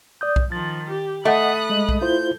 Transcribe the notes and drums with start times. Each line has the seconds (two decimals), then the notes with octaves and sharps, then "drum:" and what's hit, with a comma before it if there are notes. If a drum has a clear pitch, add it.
0.21 D5 D#6 G6
0.36 drum: kick B1
0.52 D#3 F3 A6
0.90 G4
1.25 A3 D#5 F#5 B5 D#6 F#6
1.70 G#3 D#5
1.89 drum: kick B1
2.01 E4 F4 C5 G6